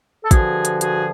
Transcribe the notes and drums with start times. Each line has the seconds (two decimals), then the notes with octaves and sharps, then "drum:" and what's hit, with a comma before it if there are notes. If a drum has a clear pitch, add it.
0.25 A4
0.31 G2 D3 F3 F#4 G#4, drum: kick, hi-hat
0.65 drum: hi-hat
0.81 F#4 G#4, drum: hi-hat